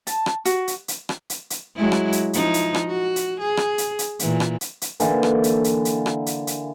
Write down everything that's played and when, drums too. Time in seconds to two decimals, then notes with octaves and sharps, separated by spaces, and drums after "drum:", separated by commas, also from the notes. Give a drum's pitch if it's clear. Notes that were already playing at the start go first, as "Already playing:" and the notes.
0.07 A5, drum: hi-hat
0.26 drum: rim click
0.45 F#4, drum: hi-hat
0.67 drum: hi-hat
0.88 drum: hi-hat
1.09 drum: rim click
1.30 drum: hi-hat
1.50 drum: hi-hat
1.76 F#3 G#3 E4
1.92 drum: rim click
2.12 drum: hi-hat
2.33 F3 D#4 E4, drum: hi-hat
2.54 drum: hi-hat
2.75 drum: rim click
2.87 F#4
3.16 drum: hi-hat
3.40 G#4
3.57 drum: rim click
3.78 drum: hi-hat
3.99 drum: hi-hat
4.19 A#2 E3, drum: hi-hat
4.40 drum: rim click
4.61 drum: hi-hat
4.82 drum: hi-hat
5.00 D3 E3 A#3, drum: hi-hat
5.23 drum: rim click
5.44 drum: hi-hat
5.64 drum: hi-hat
5.85 drum: hi-hat
6.06 drum: rim click
6.26 drum: hi-hat
6.47 drum: hi-hat